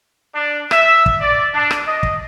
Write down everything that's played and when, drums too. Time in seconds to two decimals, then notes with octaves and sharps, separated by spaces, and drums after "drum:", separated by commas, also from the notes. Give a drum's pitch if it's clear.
0.35 D4
0.71 E5, drum: rim click
1.06 drum: kick
1.20 D5
1.54 D4
1.71 drum: rim click
1.87 D#5
2.03 drum: kick